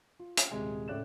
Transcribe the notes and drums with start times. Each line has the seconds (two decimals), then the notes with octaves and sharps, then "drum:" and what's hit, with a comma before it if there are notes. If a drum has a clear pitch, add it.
0.20 F4
0.37 drum: hi-hat
0.51 D#1 C3 G#3 G#4
0.88 A2 C#3 A3 D5 F#6 E7